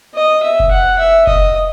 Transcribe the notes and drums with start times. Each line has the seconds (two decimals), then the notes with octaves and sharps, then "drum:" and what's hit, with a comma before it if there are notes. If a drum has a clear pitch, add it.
0.15 D#5
0.42 E5
0.60 drum: kick F1
0.71 F#5
0.99 E5
1.27 D#5, drum: kick F1